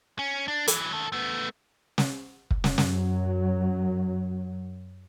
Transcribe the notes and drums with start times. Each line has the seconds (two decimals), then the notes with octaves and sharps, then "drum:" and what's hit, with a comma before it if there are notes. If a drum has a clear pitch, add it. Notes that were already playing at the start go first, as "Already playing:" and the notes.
0.19 C#4
0.48 D4
0.68 E3 F#3, drum: hi-hat
0.92 D#3 A4
1.12 A3 B3
1.98 drum: snare
2.51 drum: kick
2.64 F#2 F#3, drum: snare
2.78 drum: snare